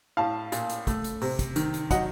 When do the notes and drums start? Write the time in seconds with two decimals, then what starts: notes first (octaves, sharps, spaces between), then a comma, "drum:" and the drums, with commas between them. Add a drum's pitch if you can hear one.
0.17 A2 F5 A5
0.52 A#2, drum: hi-hat
0.69 drum: hi-hat
0.87 A3, drum: kick, hi-hat
1.04 drum: hi-hat
1.22 C3, drum: open hi-hat
1.39 drum: kick, hi-hat
1.56 D#3, drum: hi-hat
1.74 drum: hi-hat
1.91 F#3 D#5 F#5, drum: kick, hi-hat